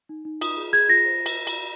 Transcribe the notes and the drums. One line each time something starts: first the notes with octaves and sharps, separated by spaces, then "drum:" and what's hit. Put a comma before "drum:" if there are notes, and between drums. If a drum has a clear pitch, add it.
D#4
D#4
F4 D#6, drum: cymbal
G#4
G#4 G#6
F4 A#6
C5
drum: cymbal
drum: cymbal